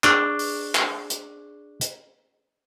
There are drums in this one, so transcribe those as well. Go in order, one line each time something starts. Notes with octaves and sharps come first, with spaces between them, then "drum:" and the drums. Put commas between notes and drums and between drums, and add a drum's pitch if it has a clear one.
D4 G#4 C#6 D6, drum: clap
drum: open hi-hat
drum: clap
drum: hi-hat
drum: hi-hat